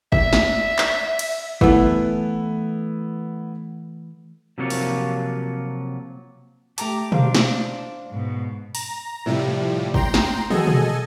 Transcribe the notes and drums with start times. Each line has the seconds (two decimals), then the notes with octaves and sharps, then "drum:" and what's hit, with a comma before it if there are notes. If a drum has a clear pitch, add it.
0.12 E5, drum: kick
0.33 drum: snare
0.78 drum: clap
1.19 drum: cymbal
1.61 E3 A3 B3 E4, drum: kick
4.58 C3 F3 F#3 A#3 F4 C#5
4.70 drum: open hi-hat
6.78 A3 G4 A5 A#5 D6, drum: hi-hat
7.12 D4 C5 F5, drum: tom B2
7.35 drum: snare
8.09 G#2 B2
8.75 A#5, drum: open hi-hat
9.26 A2 C3 F3 G3
9.94 G5 A#5 C6, drum: kick
10.14 drum: snare
10.50 F#4 G#4 A4 D#5 G#5, drum: tom
10.67 drum: tom B2